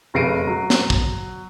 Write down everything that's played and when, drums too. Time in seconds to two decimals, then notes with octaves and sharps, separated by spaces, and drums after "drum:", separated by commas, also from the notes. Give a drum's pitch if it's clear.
0.14 F1 C#3 A#6 C7 D7 D#7
0.47 F#3
0.70 drum: snare
0.90 drum: kick